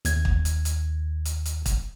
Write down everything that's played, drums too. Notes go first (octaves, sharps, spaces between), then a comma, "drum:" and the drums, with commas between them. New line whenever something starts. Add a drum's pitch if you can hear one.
D#2 G#6, drum: hi-hat
drum: kick
drum: hi-hat
drum: hi-hat
drum: hi-hat
drum: hi-hat
drum: kick, hi-hat